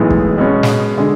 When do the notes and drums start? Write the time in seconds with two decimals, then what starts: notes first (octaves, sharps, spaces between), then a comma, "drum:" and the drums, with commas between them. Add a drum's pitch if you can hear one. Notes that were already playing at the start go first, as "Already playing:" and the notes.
Already playing: B1 A2 E3 G#3 B3
0.11 drum: kick
0.38 B2 G#3 C#4
0.63 drum: snare
0.98 D3 G#3